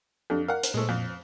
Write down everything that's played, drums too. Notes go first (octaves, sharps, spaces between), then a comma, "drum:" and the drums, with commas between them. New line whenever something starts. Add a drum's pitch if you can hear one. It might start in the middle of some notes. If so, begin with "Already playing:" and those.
F2 D4 G4 A4
A#4 F5 F#5
drum: hi-hat
A#2 G#3 A3
F2